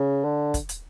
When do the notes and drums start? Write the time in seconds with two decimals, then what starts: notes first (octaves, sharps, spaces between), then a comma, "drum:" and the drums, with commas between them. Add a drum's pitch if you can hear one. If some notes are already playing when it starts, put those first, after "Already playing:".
Already playing: C#3
0.24 D3
0.54 drum: kick, hi-hat
0.69 drum: hi-hat